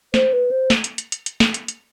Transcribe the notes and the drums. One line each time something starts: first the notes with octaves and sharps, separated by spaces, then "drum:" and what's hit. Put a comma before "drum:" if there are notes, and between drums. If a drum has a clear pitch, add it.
C5, drum: snare
B4
C5
drum: snare
drum: hi-hat
drum: hi-hat
drum: hi-hat
drum: hi-hat
drum: snare
drum: hi-hat
drum: hi-hat